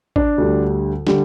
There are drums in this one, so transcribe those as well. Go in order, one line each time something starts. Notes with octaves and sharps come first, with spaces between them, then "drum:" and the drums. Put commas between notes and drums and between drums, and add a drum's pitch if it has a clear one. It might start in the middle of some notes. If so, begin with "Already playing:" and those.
D4, drum: kick
D2 D3 G3
D3 G3, drum: snare